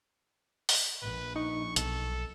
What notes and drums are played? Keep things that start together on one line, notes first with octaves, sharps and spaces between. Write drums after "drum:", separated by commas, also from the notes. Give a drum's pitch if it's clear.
drum: open hi-hat
A#1 B4
D#4 C#6
B1 A4, drum: hi-hat